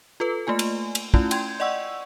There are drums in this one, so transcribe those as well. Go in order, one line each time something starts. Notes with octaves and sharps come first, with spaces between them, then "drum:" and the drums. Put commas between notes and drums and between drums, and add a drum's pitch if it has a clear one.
F4 A4 B4
A3 A#3 F4 G#5
drum: cymbal
drum: cymbal
A3 C#4 E4 F4, drum: kick
G5 C6 G6 G#6, drum: cymbal
D5 D#5 F#5 C#6 E6